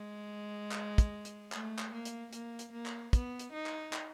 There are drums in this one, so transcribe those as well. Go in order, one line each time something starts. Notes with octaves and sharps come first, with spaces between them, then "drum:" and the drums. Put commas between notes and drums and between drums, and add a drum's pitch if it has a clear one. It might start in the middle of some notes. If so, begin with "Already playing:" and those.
Already playing: G#3
drum: clap
drum: kick, hi-hat
drum: hi-hat
A3, drum: clap
drum: clap
A#3
drum: hi-hat
A#3, drum: hi-hat
drum: hi-hat
A#3
drum: clap
B3, drum: kick, hi-hat
drum: hi-hat
D#4
drum: clap
drum: clap